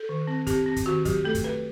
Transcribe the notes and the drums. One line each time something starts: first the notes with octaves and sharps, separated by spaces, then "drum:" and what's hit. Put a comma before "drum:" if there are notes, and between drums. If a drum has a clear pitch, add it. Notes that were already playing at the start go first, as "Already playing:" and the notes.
Already playing: A4
D#3
C4
C4 G4, drum: kick, hi-hat
C4
drum: kick, hi-hat
D#3 F#4
F#3 G4, drum: kick, hi-hat
A3 A4
drum: kick, hi-hat
A3 B4